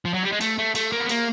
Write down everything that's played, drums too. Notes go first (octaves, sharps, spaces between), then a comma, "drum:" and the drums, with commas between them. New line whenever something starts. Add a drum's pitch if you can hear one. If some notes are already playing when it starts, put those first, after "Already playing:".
F3
F#3
G3
G#3
A3, drum: cymbal
A3
A3, drum: cymbal
A#3
B3
A#3, drum: cymbal